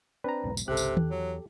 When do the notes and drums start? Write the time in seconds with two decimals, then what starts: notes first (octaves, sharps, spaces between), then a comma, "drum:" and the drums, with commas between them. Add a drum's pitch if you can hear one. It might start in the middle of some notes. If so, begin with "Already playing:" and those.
0.24 C4 D4 B4 A#5
0.44 B1 E2 G#2
0.57 drum: tambourine
0.68 G#1 C#2 C3 G4 A4 F#6
0.77 drum: tambourine
0.97 E2, drum: tom D#3
1.11 F#3